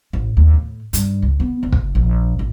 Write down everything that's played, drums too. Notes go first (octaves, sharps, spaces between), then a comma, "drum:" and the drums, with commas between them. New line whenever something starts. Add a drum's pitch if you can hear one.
A1
D#2
A2
G2, drum: hi-hat
C#2
B3
F#1
drum: kick
A#1
A1